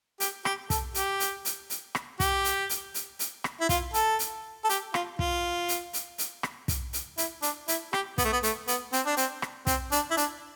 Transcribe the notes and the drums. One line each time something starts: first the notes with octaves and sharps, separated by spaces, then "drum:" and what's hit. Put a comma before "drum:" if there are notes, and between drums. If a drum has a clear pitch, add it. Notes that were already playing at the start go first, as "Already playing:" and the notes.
G4, drum: hi-hat
G4, drum: rim click
A4, drum: kick, hi-hat
G4, drum: hi-hat
drum: hi-hat
drum: hi-hat
drum: hi-hat
drum: rim click
G4, drum: kick, hi-hat
drum: hi-hat
drum: hi-hat
drum: hi-hat
drum: hi-hat
drum: rim click
E4
F4, drum: kick, hi-hat
A4, drum: hi-hat
drum: hi-hat
A4
G4, drum: hi-hat
F4, drum: rim click
F4, drum: kick
drum: hi-hat
drum: hi-hat
drum: hi-hat
drum: rim click
drum: kick, hi-hat
drum: hi-hat
E4, drum: hi-hat
D4, drum: hi-hat
E4, drum: hi-hat
G4, drum: rim click
B3, drum: kick, hi-hat
A3
B3
A3, drum: hi-hat
B3, drum: hi-hat
C4, drum: hi-hat
D4
C4, drum: hi-hat
drum: rim click
C4, drum: kick, hi-hat
D4, drum: hi-hat
E4
D4, drum: hi-hat